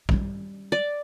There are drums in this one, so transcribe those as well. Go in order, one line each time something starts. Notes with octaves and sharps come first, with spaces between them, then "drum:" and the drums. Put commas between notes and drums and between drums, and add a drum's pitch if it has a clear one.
G3 C#4, drum: kick A#1
D5